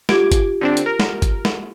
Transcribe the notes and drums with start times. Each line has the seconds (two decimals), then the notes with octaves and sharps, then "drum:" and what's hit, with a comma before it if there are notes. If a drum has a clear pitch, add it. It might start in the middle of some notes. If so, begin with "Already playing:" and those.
0.09 F4 G4 D6 G#6, drum: snare
0.32 drum: kick, hi-hat
0.61 D3 C4 D4
0.77 drum: hi-hat
0.86 A#4
1.00 drum: snare
1.22 drum: kick, hi-hat
1.45 drum: snare